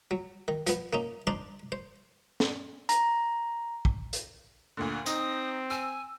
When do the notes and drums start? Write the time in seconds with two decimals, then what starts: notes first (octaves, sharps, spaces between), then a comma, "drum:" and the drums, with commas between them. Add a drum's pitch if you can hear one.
0.11 F#3
0.48 D#3
0.67 F3 B3, drum: hi-hat
0.93 A#3 C#4 D#4
1.27 D4 D#4 C5 D5
1.72 C5
2.40 drum: snare
2.89 A#5, drum: hi-hat
3.85 drum: kick
4.13 drum: hi-hat
4.77 D2 A#2 D3
5.06 C4 D#4 D#6, drum: tambourine
5.70 G#5 E6